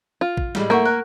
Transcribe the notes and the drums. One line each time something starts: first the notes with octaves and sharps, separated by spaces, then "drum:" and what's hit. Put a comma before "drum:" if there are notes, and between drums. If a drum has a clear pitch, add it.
F4
drum: kick
A2 G3 G#3, drum: snare
A3 A#3 E4 F#5 C#6 G6
A#4 F#6